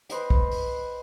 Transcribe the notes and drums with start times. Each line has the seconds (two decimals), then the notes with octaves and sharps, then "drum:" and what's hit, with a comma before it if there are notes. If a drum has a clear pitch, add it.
0.09 B4 C5 D#5 G5, drum: hi-hat
0.30 drum: kick
0.51 drum: open hi-hat